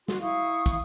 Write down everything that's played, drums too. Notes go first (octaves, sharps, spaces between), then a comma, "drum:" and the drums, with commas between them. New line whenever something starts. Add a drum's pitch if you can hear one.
F#4 C6, drum: snare
E4 F5 C#6 D#6
drum: kick, hi-hat